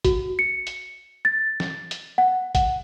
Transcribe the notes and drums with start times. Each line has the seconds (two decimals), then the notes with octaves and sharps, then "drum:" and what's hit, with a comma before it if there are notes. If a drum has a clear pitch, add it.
0.04 F#4, drum: kick A1, hi-hat
0.39 C#7
0.67 drum: hi-hat
1.25 A6
1.60 drum: snare
1.91 drum: hi-hat
2.18 F#5
2.55 F#5, drum: kick A1, hi-hat